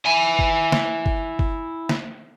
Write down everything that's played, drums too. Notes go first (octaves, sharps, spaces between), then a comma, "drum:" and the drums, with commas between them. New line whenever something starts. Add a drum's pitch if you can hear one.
E4 G#5
drum: kick G1
drum: snare
drum: kick G1
drum: kick G1
drum: snare